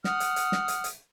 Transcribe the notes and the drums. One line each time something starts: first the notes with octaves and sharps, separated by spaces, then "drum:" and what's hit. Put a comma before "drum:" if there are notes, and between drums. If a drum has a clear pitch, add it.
F#5 D#6 F6, drum: snare
drum: hi-hat
drum: hi-hat
drum: snare
drum: hi-hat
drum: hi-hat